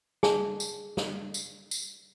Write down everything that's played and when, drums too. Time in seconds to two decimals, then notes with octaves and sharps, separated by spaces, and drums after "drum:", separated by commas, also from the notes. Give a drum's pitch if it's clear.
0.23 G#4 G#5 A5, drum: snare
0.60 drum: tambourine
0.97 drum: snare
1.34 drum: tambourine
1.71 drum: tambourine